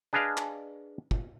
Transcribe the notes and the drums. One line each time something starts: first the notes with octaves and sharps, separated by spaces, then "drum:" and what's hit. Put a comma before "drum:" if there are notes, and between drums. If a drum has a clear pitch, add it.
D4 G#4 B4 D#5 F5
drum: clap
drum: kick